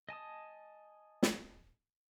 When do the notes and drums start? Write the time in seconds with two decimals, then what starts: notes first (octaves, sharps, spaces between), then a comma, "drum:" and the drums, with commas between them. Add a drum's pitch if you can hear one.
0.09 D#5 G#5 A5 D#6
1.23 drum: snare